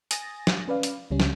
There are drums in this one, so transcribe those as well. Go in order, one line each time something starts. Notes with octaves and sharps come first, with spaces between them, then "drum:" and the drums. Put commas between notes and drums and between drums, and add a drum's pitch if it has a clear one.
G#5 D#6 A6 A#6, drum: hi-hat
drum: snare
C#4 B4 D5 F5
drum: hi-hat
C#2 C#3 G3 C#4
drum: snare